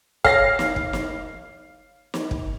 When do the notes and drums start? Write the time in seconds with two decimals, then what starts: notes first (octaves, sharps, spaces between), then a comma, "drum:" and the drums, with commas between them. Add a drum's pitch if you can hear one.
0.24 A4 C#5 F5 A#6, drum: kick
0.59 drum: snare
0.76 drum: kick
0.93 drum: snare
2.14 drum: snare
2.31 drum: kick